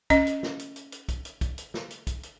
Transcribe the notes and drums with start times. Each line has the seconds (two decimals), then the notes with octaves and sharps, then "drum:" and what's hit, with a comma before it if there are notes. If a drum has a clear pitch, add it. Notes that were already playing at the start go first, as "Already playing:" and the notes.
0.10 C#4 D#5, drum: kick, hi-hat
0.27 drum: hi-hat
0.43 drum: snare
0.59 drum: hi-hat
0.76 drum: hi-hat
0.92 drum: hi-hat
1.09 drum: kick, hi-hat
1.25 drum: hi-hat
1.41 drum: kick, hi-hat
1.58 drum: hi-hat
1.74 drum: snare
1.90 drum: hi-hat
2.07 drum: kick, hi-hat
2.23 drum: hi-hat